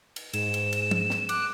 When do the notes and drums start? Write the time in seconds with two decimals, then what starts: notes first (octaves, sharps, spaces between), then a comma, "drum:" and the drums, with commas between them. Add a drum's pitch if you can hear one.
0.16 drum: cymbal
0.33 G#2 E7, drum: cymbal
0.54 drum: cymbal
0.73 drum: cymbal
0.91 drum: tom
1.10 drum: snare
1.29 D6 F#6, drum: cymbal